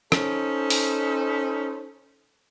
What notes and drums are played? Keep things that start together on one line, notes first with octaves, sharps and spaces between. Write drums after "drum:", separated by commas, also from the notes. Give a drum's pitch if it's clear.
C#4 D#4 A4 C5, drum: rim click
drum: open hi-hat